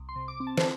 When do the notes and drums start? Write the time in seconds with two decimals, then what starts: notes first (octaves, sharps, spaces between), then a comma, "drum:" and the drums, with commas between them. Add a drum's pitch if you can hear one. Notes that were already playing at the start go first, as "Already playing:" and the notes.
Already playing: C2
0.09 C6
0.16 C3
0.28 D6
0.40 C4
0.47 A5
0.58 C5, drum: snare